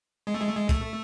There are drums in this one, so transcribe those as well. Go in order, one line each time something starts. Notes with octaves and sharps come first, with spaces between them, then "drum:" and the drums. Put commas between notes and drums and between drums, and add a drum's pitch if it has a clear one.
G#3
A3
G#3
A3
G#3
A3, drum: kick, hi-hat